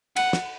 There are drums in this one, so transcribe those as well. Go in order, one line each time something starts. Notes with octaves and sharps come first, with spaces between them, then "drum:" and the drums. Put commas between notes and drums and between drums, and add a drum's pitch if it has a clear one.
F#5, drum: cymbal
drum: snare